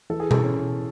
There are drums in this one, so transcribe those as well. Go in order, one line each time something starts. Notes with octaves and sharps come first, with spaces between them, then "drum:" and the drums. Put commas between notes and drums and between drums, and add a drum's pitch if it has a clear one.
E3 A4
G#4
A4, drum: tom B2
C#4